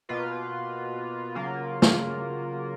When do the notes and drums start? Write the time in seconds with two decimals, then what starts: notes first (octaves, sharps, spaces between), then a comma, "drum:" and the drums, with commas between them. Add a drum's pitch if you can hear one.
0.09 B2 A#3 F4 B4
1.35 C#3 F#3 A#3 F4 A#4
1.82 drum: snare